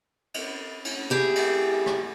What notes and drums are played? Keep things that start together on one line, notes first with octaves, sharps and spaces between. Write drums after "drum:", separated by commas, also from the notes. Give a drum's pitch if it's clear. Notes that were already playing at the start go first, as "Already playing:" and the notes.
drum: cymbal
drum: cymbal
E4 G4 G#4
drum: cymbal
drum: rim click